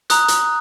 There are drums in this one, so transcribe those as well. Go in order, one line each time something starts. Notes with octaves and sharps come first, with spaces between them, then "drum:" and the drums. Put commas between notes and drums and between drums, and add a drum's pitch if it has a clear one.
A#5 D#6 F#6, drum: hi-hat
drum: hi-hat